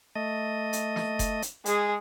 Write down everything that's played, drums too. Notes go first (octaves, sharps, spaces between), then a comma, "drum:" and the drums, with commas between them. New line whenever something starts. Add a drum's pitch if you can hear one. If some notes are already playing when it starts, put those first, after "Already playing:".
A3 D#5
drum: hi-hat
drum: snare
drum: kick F1, hi-hat
drum: hi-hat
G#3 G#4, drum: hi-hat